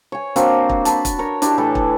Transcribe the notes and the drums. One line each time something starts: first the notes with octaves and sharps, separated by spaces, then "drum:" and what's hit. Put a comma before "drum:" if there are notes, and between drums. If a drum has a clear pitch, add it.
C#5 G#5
A#3 C4 D4 F#4, drum: hi-hat
drum: kick
A5 B5, drum: hi-hat
drum: kick, hi-hat
A#4 C#5
D4 E4 G4 C#5, drum: hi-hat
A2 E3 A4 B4
drum: kick